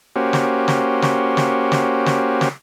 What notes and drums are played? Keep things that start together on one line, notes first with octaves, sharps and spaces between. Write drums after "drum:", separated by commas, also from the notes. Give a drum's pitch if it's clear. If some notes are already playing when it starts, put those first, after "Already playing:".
A#3 C#4 F#4 G4 C5
drum: snare
drum: snare
drum: snare
drum: snare
drum: snare
drum: snare
drum: snare